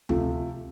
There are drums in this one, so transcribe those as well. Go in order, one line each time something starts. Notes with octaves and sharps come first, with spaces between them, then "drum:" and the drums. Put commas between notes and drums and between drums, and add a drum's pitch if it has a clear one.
C3 F3 A3, drum: tom D2